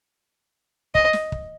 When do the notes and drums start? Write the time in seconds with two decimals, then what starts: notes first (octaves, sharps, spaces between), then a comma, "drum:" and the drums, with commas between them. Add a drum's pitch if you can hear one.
0.95 D#5, drum: kick
1.13 drum: snare
1.32 drum: kick